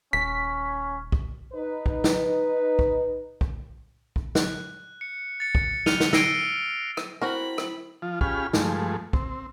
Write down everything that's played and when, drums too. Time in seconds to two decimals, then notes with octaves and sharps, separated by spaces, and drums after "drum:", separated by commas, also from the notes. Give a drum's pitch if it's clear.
0.13 D#1 C#4 B6
1.12 drum: kick
1.53 D#4 B4
1.86 drum: kick
2.04 drum: snare
2.79 drum: kick
3.41 drum: kick
4.16 drum: kick
4.35 F#6, drum: snare
5.01 C#7
5.40 A6 C#7
5.55 drum: kick
5.86 F6 F#6 C#7 D#7 F7 G7, drum: snare
6.00 drum: snare
6.13 E6 A#6 C7 D7 D#7 G7, drum: snare
6.97 drum: rim click
7.21 C4 E4 F#4 A#4 B5
7.58 drum: rim click
8.02 F3 F4
8.21 C#4 F4 G4 G#4 B5 F6, drum: kick
8.53 G2 F3 G#3 A3, drum: snare
9.13 C4, drum: kick